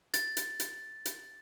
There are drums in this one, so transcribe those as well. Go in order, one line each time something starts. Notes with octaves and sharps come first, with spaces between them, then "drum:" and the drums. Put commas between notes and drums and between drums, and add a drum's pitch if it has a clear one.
A6, drum: hi-hat
drum: hi-hat
drum: hi-hat
drum: hi-hat